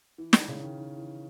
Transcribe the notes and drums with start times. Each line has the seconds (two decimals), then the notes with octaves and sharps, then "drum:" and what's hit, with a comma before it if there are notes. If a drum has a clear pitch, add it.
0.18 E3
0.33 D#3, drum: snare
0.48 C#3
0.63 D#3
0.78 D#3
0.98 E3